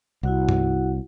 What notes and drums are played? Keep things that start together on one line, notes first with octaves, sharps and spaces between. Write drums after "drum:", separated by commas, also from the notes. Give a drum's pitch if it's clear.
C2 E4 F#4 F#5
drum: tom G2